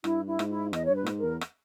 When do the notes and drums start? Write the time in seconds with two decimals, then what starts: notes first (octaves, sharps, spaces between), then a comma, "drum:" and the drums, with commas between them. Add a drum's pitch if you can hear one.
0.04 G2 E4, drum: rim click
0.27 E4
0.39 G#2, drum: rim click
0.51 E4
0.73 E2 D#5, drum: rim click
0.85 G2 C#5
0.95 B4
1.03 A#2
1.06 G#2, drum: rim click
1.19 A#4
1.24 E2
1.41 drum: rim click